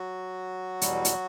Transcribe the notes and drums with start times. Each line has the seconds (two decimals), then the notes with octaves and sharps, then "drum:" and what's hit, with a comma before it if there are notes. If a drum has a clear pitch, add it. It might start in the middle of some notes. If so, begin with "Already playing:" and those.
Already playing: F#3 F#4
0.81 E2 B2 G3, drum: hi-hat
1.05 drum: hi-hat